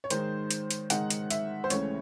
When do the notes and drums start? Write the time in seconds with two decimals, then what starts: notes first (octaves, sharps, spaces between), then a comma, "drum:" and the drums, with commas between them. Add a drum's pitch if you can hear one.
0.04 C#5
0.10 G#2 D#3 G#3 D#4 C5, drum: hi-hat
0.51 drum: hi-hat
0.71 drum: hi-hat
0.90 G#2 D#3 G#3 D#4 F#5, drum: hi-hat
1.10 drum: hi-hat
1.30 E5, drum: hi-hat
1.64 C5
1.70 C#2 C#3 E3 A3 C#4 C#5, drum: hi-hat